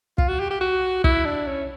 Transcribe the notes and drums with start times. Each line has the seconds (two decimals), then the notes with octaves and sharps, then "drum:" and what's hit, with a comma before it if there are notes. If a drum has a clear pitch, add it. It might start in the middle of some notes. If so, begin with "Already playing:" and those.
0.18 F4, drum: kick
0.28 F#4
0.40 G4
0.51 G4
0.61 F#4
1.04 E4, drum: kick
1.25 D4
1.47 C#4